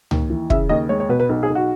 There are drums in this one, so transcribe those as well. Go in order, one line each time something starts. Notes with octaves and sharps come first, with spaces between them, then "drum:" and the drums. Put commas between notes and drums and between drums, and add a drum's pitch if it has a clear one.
D#2, drum: tom C#2
E3
C#3 E5, drum: kick
D#2 D#5
G#3 C#5
C#5
B2 B4
B4
B1
G#4
B1
F#4